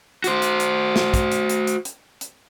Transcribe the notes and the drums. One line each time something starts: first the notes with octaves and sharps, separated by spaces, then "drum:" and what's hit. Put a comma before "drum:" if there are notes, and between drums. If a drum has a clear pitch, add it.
F#4 C5, drum: hi-hat
drum: hi-hat
drum: hi-hat
drum: snare
drum: kick, hi-hat
drum: hi-hat
drum: hi-hat
drum: hi-hat
drum: hi-hat
drum: hi-hat